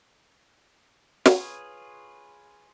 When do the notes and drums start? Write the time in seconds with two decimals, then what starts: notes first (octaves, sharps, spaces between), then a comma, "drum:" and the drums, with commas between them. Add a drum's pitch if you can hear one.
1.26 F4 G#4 B4 C#5, drum: snare